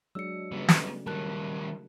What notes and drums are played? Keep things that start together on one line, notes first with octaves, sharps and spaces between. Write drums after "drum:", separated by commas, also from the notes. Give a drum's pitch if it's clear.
F#3 G#3 D4 E6 C#7
C#3 G3 A3 B3
drum: snare
D#3 G3 A#4 A5 F#6